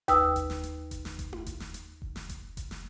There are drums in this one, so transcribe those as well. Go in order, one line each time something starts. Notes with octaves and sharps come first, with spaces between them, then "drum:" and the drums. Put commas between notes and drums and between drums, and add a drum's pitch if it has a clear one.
D#2 B4 D#6 E6, drum: kick F1, hi-hat
drum: kick F1, hi-hat
drum: snare
drum: hi-hat
drum: kick F1, hi-hat
drum: snare
drum: kick F1, hi-hat
drum: tom E4
drum: kick F1, hi-hat
drum: snare
drum: hi-hat
drum: kick F1
drum: snare
drum: kick F1, hi-hat
drum: kick F1, hi-hat
drum: snare